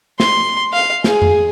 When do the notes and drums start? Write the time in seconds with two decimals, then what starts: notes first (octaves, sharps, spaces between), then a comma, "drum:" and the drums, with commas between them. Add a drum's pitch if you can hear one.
0.20 C6, drum: snare
0.73 F5
1.04 G#4, drum: snare
1.22 drum: tom F2